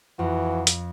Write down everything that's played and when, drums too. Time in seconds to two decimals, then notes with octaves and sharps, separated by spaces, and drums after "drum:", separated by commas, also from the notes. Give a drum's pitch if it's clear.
0.19 F2 E3 F#4
0.67 drum: hi-hat